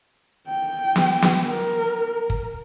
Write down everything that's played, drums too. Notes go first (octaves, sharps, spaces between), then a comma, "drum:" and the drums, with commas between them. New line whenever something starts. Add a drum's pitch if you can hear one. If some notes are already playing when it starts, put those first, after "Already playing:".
G5
drum: snare
drum: snare
A#4
drum: kick